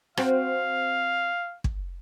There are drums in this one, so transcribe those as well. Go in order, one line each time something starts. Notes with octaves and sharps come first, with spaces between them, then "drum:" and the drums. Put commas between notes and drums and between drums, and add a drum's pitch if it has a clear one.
C4 F#4 F5, drum: rim click
drum: kick